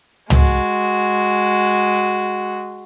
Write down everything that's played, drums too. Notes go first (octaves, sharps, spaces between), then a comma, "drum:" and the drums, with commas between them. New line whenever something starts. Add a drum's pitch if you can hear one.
G#3 F#4, drum: tom